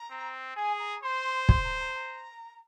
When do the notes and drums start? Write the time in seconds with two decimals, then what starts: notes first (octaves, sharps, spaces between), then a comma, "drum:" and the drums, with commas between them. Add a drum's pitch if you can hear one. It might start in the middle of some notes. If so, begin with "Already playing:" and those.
Already playing: A#5
0.10 C4
0.56 G#4 G#5
0.79 A#5
1.03 C5 C6
1.49 C6, drum: kick
1.64 A#5
1.80 A#5
1.95 A#5